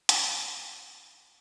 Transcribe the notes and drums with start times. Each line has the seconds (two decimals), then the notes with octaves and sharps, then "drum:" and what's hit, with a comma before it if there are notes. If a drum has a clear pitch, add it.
0.09 E3 C4 D#5 D6 G6, drum: hi-hat